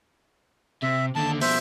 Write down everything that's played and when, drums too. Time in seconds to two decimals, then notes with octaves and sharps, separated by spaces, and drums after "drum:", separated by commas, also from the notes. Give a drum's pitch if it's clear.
0.82 C3 E5
1.15 D#2 D3 A5
1.41 B2 F3 C5 E5, drum: open hi-hat